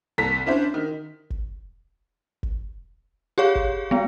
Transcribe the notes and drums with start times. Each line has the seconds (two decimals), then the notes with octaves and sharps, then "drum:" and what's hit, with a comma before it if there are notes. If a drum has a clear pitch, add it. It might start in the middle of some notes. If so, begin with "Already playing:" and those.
0.18 C2 A4 A#5 B6
0.46 C#4 D4 E4 C5
0.74 D#3
1.30 drum: kick G1
2.43 drum: kick G1
3.38 G4 G#4 C#5 F5
3.55 drum: kick G1
3.91 G#3 B3